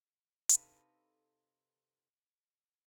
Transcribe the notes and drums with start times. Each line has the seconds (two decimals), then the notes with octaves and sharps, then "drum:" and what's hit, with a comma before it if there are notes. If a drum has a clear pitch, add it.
0.49 C3 D#4 A4 B4 F5, drum: hi-hat